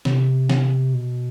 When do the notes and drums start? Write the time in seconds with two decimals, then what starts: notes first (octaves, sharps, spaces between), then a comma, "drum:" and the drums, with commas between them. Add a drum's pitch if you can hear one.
0.05 C3, drum: snare
0.49 drum: snare
0.93 B2